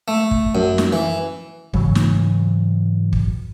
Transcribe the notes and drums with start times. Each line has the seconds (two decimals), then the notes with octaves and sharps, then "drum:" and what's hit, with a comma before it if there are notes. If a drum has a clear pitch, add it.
0.08 A3
0.31 drum: kick
0.55 F#2
0.78 drum: snare
0.93 E3
1.73 G#2 C#3 E3 F#3, drum: kick
1.95 drum: snare
3.13 drum: kick